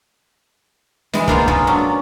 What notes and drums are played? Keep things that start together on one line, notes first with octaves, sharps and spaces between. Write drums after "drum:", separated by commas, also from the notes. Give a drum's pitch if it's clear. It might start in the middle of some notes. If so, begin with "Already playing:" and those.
E3 G#3, drum: snare
A#3 B3 F4 C5 F5 F#5, drum: kick
G#3 C#4 D#4 F4, drum: kick
F#3 C#4 D4